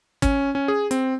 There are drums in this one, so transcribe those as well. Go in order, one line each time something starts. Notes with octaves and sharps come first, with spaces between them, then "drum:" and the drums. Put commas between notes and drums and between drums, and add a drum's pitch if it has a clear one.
C#4, drum: kick, hi-hat
C#4
G#4
C4, drum: hi-hat